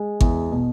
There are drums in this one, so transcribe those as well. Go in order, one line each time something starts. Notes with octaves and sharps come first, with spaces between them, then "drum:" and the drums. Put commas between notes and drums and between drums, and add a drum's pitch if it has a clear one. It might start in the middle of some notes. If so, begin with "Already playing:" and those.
Already playing: G#3
E2, drum: kick G#1
B2